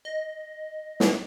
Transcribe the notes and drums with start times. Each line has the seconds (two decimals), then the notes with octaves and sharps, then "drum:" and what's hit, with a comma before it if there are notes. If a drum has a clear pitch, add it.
0.05 D#5
1.00 drum: snare